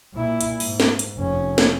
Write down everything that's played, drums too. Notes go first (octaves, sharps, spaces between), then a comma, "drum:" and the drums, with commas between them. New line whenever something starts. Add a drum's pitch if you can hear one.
A#2 E4
drum: hi-hat
G#2, drum: open hi-hat
drum: snare
drum: hi-hat
F1 C#4
drum: snare